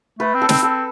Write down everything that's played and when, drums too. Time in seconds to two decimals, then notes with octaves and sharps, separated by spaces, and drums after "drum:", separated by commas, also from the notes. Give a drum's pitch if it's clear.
0.19 A3 B4
0.34 C4
0.42 A4
0.49 C4, drum: snare
0.63 C4 A4